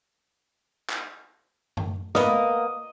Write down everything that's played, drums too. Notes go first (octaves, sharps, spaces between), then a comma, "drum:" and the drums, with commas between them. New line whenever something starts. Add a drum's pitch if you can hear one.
drum: clap
drum: tom F#2
A#3 B3 D#5, drum: snare